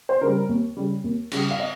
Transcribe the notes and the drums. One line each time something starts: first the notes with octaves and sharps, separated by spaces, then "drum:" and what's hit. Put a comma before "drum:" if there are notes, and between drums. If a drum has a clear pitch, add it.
C5
C#3 G3 A#4
D#2
C#3 G3
D#2
C#3 G3, drum: cymbal
F5
D#5